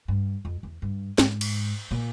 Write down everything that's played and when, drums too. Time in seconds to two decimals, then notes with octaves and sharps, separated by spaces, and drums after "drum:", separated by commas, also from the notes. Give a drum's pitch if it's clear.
0.08 G2
0.45 F2
0.63 E2
0.82 G2
1.18 G#2, drum: snare
1.41 drum: cymbal
1.91 A#2